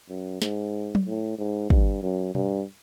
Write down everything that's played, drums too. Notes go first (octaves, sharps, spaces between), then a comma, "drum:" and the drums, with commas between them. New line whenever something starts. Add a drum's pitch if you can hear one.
F#2
G#2, drum: snare
drum: tom F#3
A2
G#2
G2, drum: kick
F#2
G2, drum: tom B2